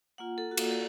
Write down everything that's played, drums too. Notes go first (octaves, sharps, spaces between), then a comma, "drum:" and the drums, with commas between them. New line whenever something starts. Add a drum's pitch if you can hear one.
A#3 F4 F#5
A4
F#4
A#3 F4 A4, drum: cymbal
A4